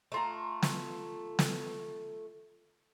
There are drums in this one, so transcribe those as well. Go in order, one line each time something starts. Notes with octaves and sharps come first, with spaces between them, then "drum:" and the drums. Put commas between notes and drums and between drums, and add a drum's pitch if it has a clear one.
A3 F4 A#5
drum: snare
drum: snare